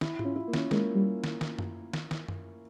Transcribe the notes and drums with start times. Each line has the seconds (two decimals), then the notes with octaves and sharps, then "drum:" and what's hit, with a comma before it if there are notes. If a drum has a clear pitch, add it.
0.01 E4, drum: snare
0.19 F4, drum: tom G#2
0.25 C#4
0.36 E4
0.48 A#3
0.53 C#4, drum: snare
0.71 G#3 A#3, drum: snare
0.95 G3
1.24 drum: snare
1.41 drum: snare
1.59 drum: tom F#2
1.93 drum: snare
2.11 drum: snare
2.28 drum: tom F#2